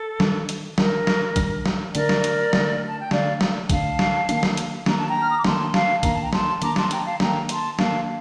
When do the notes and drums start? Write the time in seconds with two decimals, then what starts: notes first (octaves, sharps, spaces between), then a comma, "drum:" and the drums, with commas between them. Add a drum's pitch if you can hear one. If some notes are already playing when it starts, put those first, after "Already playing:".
Already playing: A4
0.20 D#3 G3 D4, drum: snare
0.49 drum: hi-hat
0.78 D#3 G3 D4 A#4, drum: snare
1.07 drum: snare
1.36 D#3 G3 D4, drum: kick A#1, hi-hat
1.66 drum: snare
1.95 D3 A3 D4 A#4 D5, drum: hi-hat
2.09 drum: snare
2.24 drum: hi-hat
2.53 D3 A3 D4, drum: snare
2.86 A5
2.99 G5
3.11 D3 A3 D4 D5 F5, drum: snare
3.41 drum: snare
3.70 D3 A3 D4 F5 A5, drum: kick A#1, hi-hat
3.99 drum: snare
4.29 D#3 A#3 D4, drum: hi-hat
4.43 drum: snare
4.57 drum: hi-hat
4.86 D#3 A#3 D4 A#5, drum: snare
4.97 A5
5.08 G5 A#5
5.22 F6
5.30 D#6
5.37 D6
5.44 D#3 A#3 D4 A5 C6, drum: snare
5.74 F5 A5, drum: snare
6.03 D#3 A#3 D4 A#5, drum: kick A#1, hi-hat
6.13 A5
6.22 G5 A#5
6.33 A5 C6, drum: snare
6.62 D#3 A#3 D4 A#5 D6, drum: hi-hat
6.76 A5 C6, drum: snare
6.91 G5 A#5, drum: hi-hat
7.05 F5 A5
7.20 D#3 A#3 D4 G5 A#5, drum: snare
7.49 A5 C6, drum: hi-hat
7.79 D#3 A#3 D4 F5 A5, drum: snare